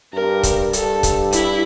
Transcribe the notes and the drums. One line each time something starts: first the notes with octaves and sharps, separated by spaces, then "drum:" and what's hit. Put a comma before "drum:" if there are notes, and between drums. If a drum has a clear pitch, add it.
G2 A#4
drum: kick, hi-hat
G2 A4, drum: hi-hat
drum: kick, hi-hat
E4, drum: hi-hat